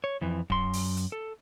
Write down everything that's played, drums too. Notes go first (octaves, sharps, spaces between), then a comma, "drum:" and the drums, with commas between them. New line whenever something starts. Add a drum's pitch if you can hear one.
C#5
F2 E3
F#2 C6, drum: kick D1
drum: open hi-hat
drum: hi-hat
A4